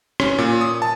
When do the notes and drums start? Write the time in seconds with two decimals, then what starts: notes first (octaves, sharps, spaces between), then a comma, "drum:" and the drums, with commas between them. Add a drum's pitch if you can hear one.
0.20 C#4, drum: rim click
0.38 A#2
0.61 D#6
0.82 A5